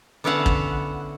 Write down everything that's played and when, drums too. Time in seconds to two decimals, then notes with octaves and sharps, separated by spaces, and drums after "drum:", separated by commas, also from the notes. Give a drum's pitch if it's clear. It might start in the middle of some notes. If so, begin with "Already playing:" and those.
0.24 D3 B3 C#4 E4 F5 F#5
0.46 drum: kick